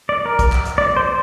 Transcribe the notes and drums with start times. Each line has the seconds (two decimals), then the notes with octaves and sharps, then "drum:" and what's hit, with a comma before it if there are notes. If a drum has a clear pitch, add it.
0.09 D5
0.26 A#4
0.39 drum: kick, hi-hat
0.52 drum: clap
0.65 drum: hi-hat
0.78 D5
0.97 C5